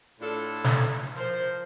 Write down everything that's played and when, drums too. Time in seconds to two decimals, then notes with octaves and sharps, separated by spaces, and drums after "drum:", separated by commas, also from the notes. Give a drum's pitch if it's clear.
0.21 A2 D4 F4 A4
0.64 drum: snare
1.17 F3 A#4 C5